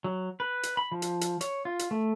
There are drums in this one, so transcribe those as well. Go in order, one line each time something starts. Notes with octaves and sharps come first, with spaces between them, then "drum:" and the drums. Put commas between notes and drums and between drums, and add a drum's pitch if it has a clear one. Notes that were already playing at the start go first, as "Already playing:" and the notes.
F#3
B4
drum: hi-hat
B5
F3
drum: hi-hat
drum: hi-hat
C#5, drum: hi-hat
F4
drum: hi-hat
A3